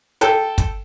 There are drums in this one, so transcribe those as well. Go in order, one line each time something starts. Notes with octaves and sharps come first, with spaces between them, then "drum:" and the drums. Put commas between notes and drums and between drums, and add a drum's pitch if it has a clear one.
A4 G5, drum: hi-hat
drum: kick, hi-hat